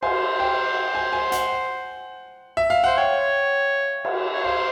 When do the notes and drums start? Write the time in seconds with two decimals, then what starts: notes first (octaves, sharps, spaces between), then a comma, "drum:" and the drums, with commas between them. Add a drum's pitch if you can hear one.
0.03 C5 G#5, drum: cymbal
0.40 G5
0.95 G#5
1.13 G#5
1.32 F#5, drum: hi-hat
2.57 E5
2.70 F5
2.84 C5 F#5
2.97 C#5 G5
4.05 drum: cymbal
4.33 C#5
4.44 C5 F5